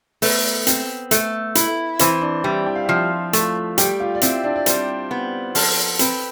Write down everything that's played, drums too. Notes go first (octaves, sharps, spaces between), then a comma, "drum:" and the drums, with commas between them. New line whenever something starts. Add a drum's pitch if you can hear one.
A3 B3 B4, drum: open hi-hat
C4, drum: hi-hat
A3, drum: hi-hat
E4, drum: hi-hat
E3 C4 C5, drum: hi-hat
D4 D5
G3 E4 E5
G5
F5
F3 E5
F4 F5
A3, drum: hi-hat
G3 G4 G5, drum: hi-hat
F4 F5
D5
C4 E4 E5, drum: hi-hat
D4 D5
D5
G3 C4 C5, drum: hi-hat
B3
F3 A4 A5, drum: open hi-hat
C4 B4 B5, drum: hi-hat